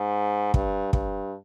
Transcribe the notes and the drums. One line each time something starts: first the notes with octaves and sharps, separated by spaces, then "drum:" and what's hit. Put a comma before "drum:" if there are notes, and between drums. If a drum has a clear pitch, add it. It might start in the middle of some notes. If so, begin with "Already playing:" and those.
Already playing: G#2
G2, drum: kick
G2, drum: kick